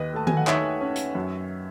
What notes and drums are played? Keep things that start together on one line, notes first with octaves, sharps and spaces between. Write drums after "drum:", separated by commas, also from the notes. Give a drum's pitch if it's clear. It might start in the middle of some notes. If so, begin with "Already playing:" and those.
Already playing: D#2 B4 D#5
A3 A5
G#5, drum: tom D#3
F#5
D#3 C#5 E5, drum: clap
C#4
drum: hi-hat
F#2